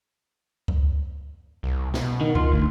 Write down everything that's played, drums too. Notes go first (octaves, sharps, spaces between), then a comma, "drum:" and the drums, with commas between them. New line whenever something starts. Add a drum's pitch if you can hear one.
drum: kick C#2
C2
B2, drum: snare
D#3
D#3 F4, drum: kick C#2
G1 D2